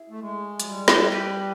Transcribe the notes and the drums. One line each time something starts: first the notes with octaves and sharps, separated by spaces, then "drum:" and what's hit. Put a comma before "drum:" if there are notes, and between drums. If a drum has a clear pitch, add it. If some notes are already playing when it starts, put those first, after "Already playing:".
Already playing: E4 G#4
A3
G#3
F#3, drum: hi-hat
G3
drum: snare
G4 B4 D5